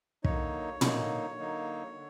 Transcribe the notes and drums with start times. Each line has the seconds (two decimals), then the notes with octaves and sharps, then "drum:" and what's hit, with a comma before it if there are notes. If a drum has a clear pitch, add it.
0.24 D3 F#3 A#3 D#4 C#5, drum: kick
0.81 D3 F#3 A#3 D#4, drum: tom
1.38 D3 F#3 A#3 D#4
1.94 D3